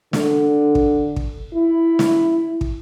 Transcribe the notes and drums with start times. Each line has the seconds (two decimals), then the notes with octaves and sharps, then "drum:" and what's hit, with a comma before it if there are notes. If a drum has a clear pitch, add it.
0.13 D3, drum: snare
0.75 drum: kick
1.16 drum: kick
1.54 E4
1.99 drum: snare
2.61 drum: kick